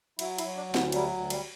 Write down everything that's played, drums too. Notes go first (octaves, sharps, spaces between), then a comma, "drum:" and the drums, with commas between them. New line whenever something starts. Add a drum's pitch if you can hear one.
F#3 E4, drum: cymbal
E4, drum: cymbal
F#3
D4
D2
B3, drum: snare
F#3 G3, drum: cymbal
D2
G3, drum: cymbal